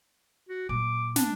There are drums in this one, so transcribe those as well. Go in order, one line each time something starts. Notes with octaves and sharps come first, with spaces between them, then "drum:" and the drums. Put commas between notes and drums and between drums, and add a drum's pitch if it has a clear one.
F#4
A#2 F#3 D6
D4, drum: snare